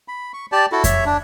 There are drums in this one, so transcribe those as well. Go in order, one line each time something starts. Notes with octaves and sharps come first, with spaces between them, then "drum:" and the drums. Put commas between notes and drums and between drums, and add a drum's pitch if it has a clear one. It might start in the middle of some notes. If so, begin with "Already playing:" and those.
B5
C#6
G4 D5 A5
E4 F#4 A4
C#5 E5, drum: kick F2, hi-hat
D4